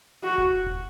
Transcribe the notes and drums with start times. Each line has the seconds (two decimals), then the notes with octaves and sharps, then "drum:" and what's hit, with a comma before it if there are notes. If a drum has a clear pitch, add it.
0.24 F#4
0.38 drum: kick E1
0.67 drum: kick E1